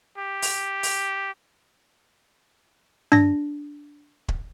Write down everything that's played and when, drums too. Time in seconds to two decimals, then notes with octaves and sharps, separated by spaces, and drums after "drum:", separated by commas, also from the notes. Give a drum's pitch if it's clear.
0.18 G4
0.42 drum: open hi-hat
0.83 drum: open hi-hat
3.12 D4 A#6, drum: tom G2
4.28 drum: kick